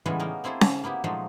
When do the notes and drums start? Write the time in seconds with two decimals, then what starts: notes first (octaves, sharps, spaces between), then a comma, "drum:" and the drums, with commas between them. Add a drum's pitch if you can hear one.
0.06 A2 C#3 E3 G3 G#3 B3
0.19 A#3 B3 C#4 D#4 A#4
0.44 A#3 C4 E4 G#4 A4
0.61 C#3, drum: snare C#4
0.83 A#3 B3 E4 G4
1.04 A#2 F3 F#3 G#3 A3 D#4